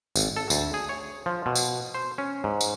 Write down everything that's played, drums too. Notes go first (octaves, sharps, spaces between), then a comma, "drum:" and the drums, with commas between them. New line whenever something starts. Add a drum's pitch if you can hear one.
G#1, drum: tambourine
A4
D2, drum: tambourine
G#4
C#5
F3
B2
drum: tambourine
C5
C#4
G#2
drum: tambourine